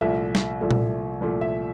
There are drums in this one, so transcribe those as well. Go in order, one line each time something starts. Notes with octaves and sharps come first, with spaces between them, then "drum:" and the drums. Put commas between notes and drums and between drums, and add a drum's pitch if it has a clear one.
C2 A#2 F3 A3 E5
drum: snare
C2 A#2 F3 A3
drum: tom A#2
C2 A#2 F3 A3
E5